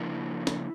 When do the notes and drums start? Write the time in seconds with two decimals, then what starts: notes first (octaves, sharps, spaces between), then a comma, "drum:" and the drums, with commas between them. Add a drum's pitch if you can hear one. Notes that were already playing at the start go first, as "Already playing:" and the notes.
Already playing: C#3 F3 A#3 D4 E4
0.47 drum: snare